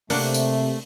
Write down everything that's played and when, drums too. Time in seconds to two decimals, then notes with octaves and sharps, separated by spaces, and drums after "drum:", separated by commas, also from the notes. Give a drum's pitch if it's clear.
0.10 C3 A3 A#3 D4 F#5, drum: open hi-hat
0.34 drum: tambourine